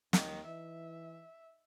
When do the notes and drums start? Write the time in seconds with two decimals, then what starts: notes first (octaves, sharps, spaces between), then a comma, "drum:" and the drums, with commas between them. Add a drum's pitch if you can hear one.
0.13 D#2 D#3, drum: snare
0.46 E3 E5